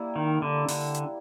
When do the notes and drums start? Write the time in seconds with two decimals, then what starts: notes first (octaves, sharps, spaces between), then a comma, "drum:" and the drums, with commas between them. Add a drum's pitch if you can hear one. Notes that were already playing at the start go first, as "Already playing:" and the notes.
Already playing: G3 A#3 E4
0.16 D#3
0.42 D3
0.68 D3, drum: open hi-hat
0.95 drum: hi-hat